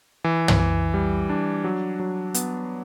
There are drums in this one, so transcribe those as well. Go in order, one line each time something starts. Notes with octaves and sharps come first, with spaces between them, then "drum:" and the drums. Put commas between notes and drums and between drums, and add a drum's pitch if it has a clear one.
E3
drum: tom
E3
G3
D4
F#3
F#3
B3, drum: hi-hat